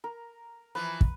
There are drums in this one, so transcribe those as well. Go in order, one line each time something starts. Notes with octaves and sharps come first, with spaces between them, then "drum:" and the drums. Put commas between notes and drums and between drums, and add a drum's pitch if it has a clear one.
A#4
E3 F3 B4
drum: kick